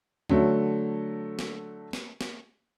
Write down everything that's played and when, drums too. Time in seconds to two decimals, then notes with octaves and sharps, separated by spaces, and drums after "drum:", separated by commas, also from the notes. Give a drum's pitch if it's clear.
0.30 D3 F#3 A3, drum: kick
1.39 drum: snare
1.93 drum: snare
2.21 drum: snare